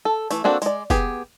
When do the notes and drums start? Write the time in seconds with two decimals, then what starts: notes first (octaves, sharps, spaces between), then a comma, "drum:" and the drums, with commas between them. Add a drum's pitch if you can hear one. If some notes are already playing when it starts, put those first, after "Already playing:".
0.05 A4
0.31 E3 A3, drum: tambourine
0.44 A#3 C4 D4 F#4 A4
0.62 G#3 D5, drum: tambourine
0.90 B3 G4 G#4, drum: kick, tambourine